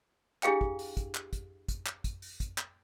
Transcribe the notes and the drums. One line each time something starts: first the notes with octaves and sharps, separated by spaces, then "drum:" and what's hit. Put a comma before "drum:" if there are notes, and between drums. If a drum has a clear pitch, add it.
D4 E4 G4 G#4 F5 G5, drum: clap
drum: kick
drum: open hi-hat
drum: kick, hi-hat
drum: clap
drum: kick, hi-hat
drum: kick, hi-hat
drum: clap
drum: kick, hi-hat
drum: open hi-hat
drum: kick, hi-hat
drum: clap